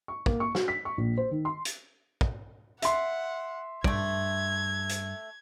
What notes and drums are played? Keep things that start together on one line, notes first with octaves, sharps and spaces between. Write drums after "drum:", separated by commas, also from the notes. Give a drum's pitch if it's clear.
C#6
A#3, drum: kick
C#6
F#4, drum: snare
B6
C#6
A#1
C5
D#3
C6
drum: hi-hat
drum: kick
E5 F#5 C6, drum: hi-hat
G2 A3 D5 G#6, drum: kick
drum: hi-hat